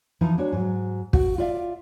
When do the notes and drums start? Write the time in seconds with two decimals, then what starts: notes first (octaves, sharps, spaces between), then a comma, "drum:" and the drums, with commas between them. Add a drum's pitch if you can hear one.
0.21 E3 F3 D#4 F4
0.38 G#3 D4 F#4 C#5
0.52 G#2 F#3
1.13 F#4 F#5, drum: kick
1.38 F4 D5 E5 F5